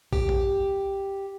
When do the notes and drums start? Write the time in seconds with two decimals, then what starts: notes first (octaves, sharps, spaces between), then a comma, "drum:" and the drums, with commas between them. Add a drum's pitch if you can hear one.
0.13 G4, drum: kick A#1
0.29 drum: tom G2